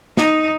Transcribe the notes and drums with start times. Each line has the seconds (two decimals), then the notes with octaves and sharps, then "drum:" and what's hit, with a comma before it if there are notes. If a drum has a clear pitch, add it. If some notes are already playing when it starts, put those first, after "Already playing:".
0.17 D#4, drum: snare